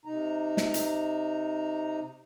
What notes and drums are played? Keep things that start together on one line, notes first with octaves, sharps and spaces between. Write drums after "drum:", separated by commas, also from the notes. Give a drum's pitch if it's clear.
C3 D#4 A#5
drum: snare
drum: hi-hat